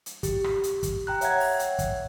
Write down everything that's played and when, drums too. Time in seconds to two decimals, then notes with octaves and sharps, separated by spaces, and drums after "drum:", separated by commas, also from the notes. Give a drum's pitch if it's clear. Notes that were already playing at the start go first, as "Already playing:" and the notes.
0.06 drum: hi-hat
0.23 G4, drum: kick, hi-hat
0.44 drum: rim click
0.64 drum: hi-hat
0.83 drum: kick, hi-hat
1.07 G5 A#5 F#6
1.21 C#5 E5 F#5 G#6, drum: hi-hat
1.40 drum: open hi-hat
1.59 drum: hi-hat
1.79 drum: kick, hi-hat